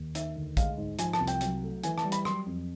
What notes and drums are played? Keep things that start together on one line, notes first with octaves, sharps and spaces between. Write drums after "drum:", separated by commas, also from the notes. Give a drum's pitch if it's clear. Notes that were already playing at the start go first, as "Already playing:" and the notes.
Already playing: D#2
D#3 E5, drum: hi-hat
D2
G#3 F5, drum: kick, hi-hat
G#2
F3 G#5, drum: hi-hat
A5, drum: rim click
C2
G5, drum: hi-hat
F#3, drum: hi-hat
A3
E3 G#5, drum: hi-hat
A5, drum: rim click
G3
B5, drum: hi-hat
F#3 C6, drum: rim click
F2